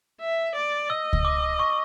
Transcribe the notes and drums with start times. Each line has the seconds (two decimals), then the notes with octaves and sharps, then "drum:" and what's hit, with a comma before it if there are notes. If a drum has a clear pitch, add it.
0.20 E5
0.55 D5
0.90 D#5 E6
1.13 drum: kick C#2
1.25 D6
1.59 C#6